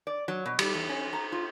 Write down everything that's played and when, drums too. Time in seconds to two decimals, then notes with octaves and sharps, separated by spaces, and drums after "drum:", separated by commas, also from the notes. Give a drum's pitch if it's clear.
0.07 D5
0.28 F#3
0.46 B2
0.59 G3, drum: cymbal
0.74 E2
0.89 C#4
1.13 A#5
1.32 F4